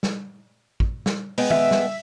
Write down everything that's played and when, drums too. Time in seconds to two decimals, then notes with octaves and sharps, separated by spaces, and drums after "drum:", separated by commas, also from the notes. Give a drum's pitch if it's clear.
0.03 drum: snare
0.80 drum: kick
1.06 drum: snare
1.38 G#3 B3 G5, drum: open hi-hat
1.50 E5, drum: tom
1.71 drum: snare